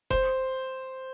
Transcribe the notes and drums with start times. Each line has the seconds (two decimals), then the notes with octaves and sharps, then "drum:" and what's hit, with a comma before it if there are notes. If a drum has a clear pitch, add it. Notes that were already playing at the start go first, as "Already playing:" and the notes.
0.10 C5, drum: kick F1